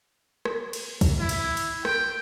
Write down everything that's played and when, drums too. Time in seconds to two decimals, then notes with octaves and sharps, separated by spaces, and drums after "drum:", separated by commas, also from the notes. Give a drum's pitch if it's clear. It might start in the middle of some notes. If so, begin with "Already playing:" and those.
0.45 drum: rim click
0.73 drum: cymbal
1.01 drum: kick, cymbal
1.20 E4
1.29 drum: cymbal
1.57 drum: cymbal
1.85 G5, drum: rim click